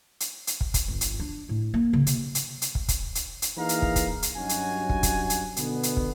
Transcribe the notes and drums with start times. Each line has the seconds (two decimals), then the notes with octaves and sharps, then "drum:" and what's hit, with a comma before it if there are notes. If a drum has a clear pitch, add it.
0.20 drum: hi-hat
0.47 drum: hi-hat
0.61 drum: kick
0.74 drum: kick, hi-hat
0.88 G1
1.01 drum: hi-hat
1.20 D4
1.49 A2
1.74 A#3
1.93 C#3
2.07 C3, drum: hi-hat
2.35 drum: hi-hat
2.62 drum: hi-hat
2.75 drum: kick
2.88 drum: kick, hi-hat
3.15 drum: hi-hat
3.42 drum: hi-hat
3.57 E3 A#3 D#4 G#4 F5 A#5
3.69 drum: hi-hat
3.82 drum: kick
3.96 drum: kick, hi-hat
4.22 drum: hi-hat
4.36 G2 F#3 C#4 D#4 F#4 G#5
4.49 drum: hi-hat
4.89 drum: kick
5.03 drum: kick, hi-hat
5.30 drum: hi-hat
5.56 B2 D3 B3, drum: hi-hat
5.83 drum: hi-hat
5.97 drum: kick